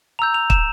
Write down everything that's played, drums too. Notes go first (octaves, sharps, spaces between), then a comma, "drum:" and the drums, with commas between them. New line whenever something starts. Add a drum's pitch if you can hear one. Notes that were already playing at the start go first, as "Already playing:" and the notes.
A#5 E6 G6 F7
F7
E7, drum: kick